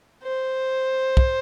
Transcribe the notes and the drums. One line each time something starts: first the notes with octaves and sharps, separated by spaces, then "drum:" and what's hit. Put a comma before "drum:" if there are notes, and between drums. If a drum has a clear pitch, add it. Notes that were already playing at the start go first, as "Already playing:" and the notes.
C5
drum: kick